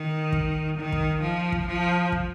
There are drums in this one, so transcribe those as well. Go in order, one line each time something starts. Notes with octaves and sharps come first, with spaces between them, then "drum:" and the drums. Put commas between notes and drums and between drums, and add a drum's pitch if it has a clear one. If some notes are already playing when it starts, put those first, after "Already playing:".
Already playing: D#3
drum: kick
D#3
drum: kick
F3
drum: kick
F3
drum: kick